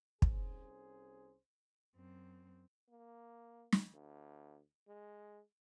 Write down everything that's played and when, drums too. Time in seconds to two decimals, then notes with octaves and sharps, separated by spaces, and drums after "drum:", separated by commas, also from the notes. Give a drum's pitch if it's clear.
0.22 C2 C#4 G#4 C5, drum: kick
1.96 F#2 C4
2.90 A#3
3.72 drum: snare
3.94 D2
4.88 G#3